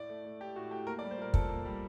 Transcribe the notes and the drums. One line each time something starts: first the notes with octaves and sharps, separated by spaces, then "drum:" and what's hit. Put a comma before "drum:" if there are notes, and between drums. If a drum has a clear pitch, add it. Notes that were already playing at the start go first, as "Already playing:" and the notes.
Already playing: A2 D5
A3
A3
A2 G4
A2 F#4
A3 G4
A#3 A#4
D5
G3
C5
A#2 A#4
A#2 A4, drum: kick
A#3
G3